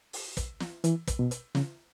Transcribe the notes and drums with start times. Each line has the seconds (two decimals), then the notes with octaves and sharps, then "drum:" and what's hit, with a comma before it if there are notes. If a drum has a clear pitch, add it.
0.13 drum: open hi-hat
0.37 drum: kick, hi-hat
0.60 drum: snare
0.84 E3, drum: hi-hat
1.07 drum: kick, hi-hat
1.19 B2
1.31 drum: hi-hat
1.55 C#3, drum: snare